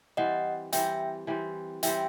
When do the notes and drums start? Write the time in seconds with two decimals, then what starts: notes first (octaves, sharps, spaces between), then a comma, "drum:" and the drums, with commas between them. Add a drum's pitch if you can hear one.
0.17 E3 G3 C4 D#5 F#5
0.73 E3 G3 C4 E5 G5, drum: hi-hat
1.27 E3 G3 C4
1.83 E3 G3 C4 E5 G5, drum: hi-hat